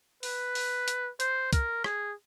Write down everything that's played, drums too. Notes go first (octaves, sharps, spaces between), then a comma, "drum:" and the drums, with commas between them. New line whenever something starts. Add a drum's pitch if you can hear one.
B4, drum: open hi-hat
drum: open hi-hat
drum: hi-hat
C5, drum: hi-hat
A#4, drum: kick, hi-hat
G#4, drum: rim click